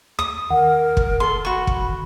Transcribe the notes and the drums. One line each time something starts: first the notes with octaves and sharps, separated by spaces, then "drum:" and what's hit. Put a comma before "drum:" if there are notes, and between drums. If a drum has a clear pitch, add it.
D#2 D#6
D#3 A#4 F#5
drum: kick
A4 C6
F#4 B5 C#6
drum: kick